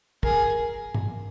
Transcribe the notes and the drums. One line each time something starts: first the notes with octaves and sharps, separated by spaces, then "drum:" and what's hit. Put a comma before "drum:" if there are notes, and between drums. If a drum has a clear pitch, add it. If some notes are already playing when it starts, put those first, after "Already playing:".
G#4 A#4, drum: kick
drum: tom G2